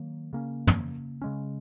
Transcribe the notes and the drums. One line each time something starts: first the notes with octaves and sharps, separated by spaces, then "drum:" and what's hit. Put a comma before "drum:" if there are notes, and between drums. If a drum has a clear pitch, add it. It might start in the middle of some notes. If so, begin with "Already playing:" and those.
Already playing: D#3 F#3 A#3
C#3 A#3 C#4
drum: tom
C#3 G#3 C#4